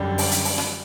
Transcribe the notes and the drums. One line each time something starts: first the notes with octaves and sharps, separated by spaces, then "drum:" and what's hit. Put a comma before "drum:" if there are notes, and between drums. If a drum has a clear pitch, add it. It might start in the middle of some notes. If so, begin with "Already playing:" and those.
Already playing: F#2 D3 G3
drum: open hi-hat
drum: hi-hat
drum: open hi-hat
drum: rim click